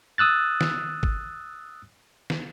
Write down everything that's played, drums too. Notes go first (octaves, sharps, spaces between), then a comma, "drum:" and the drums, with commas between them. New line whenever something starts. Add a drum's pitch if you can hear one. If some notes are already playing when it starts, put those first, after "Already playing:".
D#6 E6 F#6 A6
drum: snare
drum: kick G#1
drum: snare